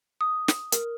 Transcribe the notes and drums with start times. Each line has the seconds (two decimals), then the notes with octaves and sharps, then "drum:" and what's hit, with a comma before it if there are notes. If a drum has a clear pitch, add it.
0.21 D#6
0.48 drum: snare
0.72 A#4, drum: hi-hat